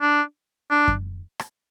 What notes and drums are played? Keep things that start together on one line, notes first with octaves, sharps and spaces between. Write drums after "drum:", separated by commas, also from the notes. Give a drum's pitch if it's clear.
D4
D4
drum: kick F#2
drum: rim click